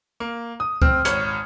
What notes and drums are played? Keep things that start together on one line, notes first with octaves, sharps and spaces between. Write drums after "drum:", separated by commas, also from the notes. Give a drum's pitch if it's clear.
A#3
D#6
C4 F6, drum: kick C#2
G#1 C#5 C#7, drum: hi-hat